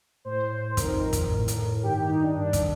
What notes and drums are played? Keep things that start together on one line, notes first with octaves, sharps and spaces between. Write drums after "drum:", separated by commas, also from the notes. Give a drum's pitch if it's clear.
A2 C5
C5
F2 D#3 A#4, drum: kick, hi-hat
drum: kick, hi-hat
A2
drum: hi-hat
G2 D#3 G4
G4
D#4
D4
G2 D#3 D4
drum: kick, hi-hat